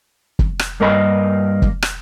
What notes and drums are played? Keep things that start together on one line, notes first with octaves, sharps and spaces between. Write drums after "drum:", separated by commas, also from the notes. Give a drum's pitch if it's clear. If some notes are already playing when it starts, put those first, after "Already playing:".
drum: kick
drum: rim click
G2 A#3 A#4 D#5 A#5 B5
drum: kick
drum: rim click